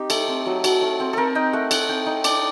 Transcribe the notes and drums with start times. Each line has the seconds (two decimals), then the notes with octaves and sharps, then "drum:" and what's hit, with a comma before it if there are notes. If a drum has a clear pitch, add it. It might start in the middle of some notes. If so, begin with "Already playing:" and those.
Already playing: C4 D#4 G4
0.10 A3 A4, drum: cymbal
0.28 C4
0.46 F#3
0.64 F#3, drum: cymbal
0.82 A3
1.00 C4
1.13 C4 A4 A#4
1.35 D#4 G5
1.53 A3 F#5
1.71 A3 F#5, drum: cymbal
1.89 C4 G5
2.06 D#4 F#5
2.24 D4 D5, drum: cymbal